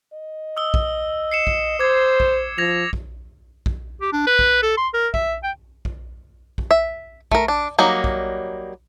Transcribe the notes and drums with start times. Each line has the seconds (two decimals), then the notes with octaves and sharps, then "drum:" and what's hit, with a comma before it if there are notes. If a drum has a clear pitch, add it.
0.13 D#5
0.57 D#6 E6 G7
0.74 drum: kick
1.32 C7 C#7 E7
1.47 drum: kick
1.80 C5 D6 G#6
2.20 drum: kick
2.58 F3 G#6 A#6 F7
2.93 drum: kick
3.66 drum: kick
4.01 G4
4.13 D4
4.27 B4
4.39 drum: kick
4.62 A4
4.77 C6
4.94 A#4
5.14 E5, drum: kick
5.43 G5
5.85 drum: kick
6.58 drum: kick
6.71 E5
7.32 A3 A#4, drum: kick
7.48 D4
7.79 F#3 G3 A#3 D#4
8.04 drum: kick